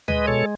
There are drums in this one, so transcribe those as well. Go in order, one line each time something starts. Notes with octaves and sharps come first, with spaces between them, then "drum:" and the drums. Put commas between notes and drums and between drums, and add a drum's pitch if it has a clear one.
G#3 B4 D#5, drum: tom D2
B2 A4 C#5